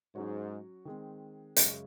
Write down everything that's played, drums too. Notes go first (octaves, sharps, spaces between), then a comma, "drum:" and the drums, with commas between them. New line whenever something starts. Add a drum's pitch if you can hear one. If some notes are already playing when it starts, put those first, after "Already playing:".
G#2 F#3 C#4 F#4 C#5
D#3 G#3 C4
F#2 C#3 G#3 C#4, drum: hi-hat